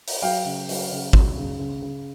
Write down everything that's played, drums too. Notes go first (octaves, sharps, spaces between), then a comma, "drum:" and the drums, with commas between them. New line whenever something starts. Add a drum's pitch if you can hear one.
drum: open hi-hat
F#3 F5 G5
C#3
F#3, drum: open hi-hat
C#3
F#3, drum: kick
C#3
C#3
C#3